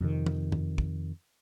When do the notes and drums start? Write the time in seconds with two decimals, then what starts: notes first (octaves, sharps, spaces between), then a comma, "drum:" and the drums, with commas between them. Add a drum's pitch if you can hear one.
0.01 F2 C3 D#3
0.26 drum: tom
0.52 drum: tom
0.78 drum: kick